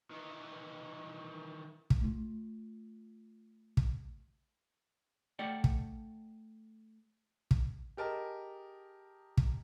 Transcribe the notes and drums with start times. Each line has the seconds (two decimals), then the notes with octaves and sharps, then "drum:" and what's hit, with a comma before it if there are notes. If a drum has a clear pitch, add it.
0.11 D#3 E3
1.90 drum: kick
2.01 A3 F4
3.77 drum: kick
5.39 A3 A4 D5 F#5 G5
5.64 drum: kick
7.51 drum: kick
7.97 G4 G#4 A#4 D#5 A5
9.37 drum: kick